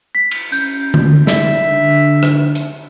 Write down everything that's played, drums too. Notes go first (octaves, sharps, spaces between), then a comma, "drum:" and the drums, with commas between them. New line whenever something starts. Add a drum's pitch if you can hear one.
B6
drum: cymbal
C#4 G6, drum: tambourine
drum: tom D3
E5, drum: snare
D3
drum: rim click
drum: hi-hat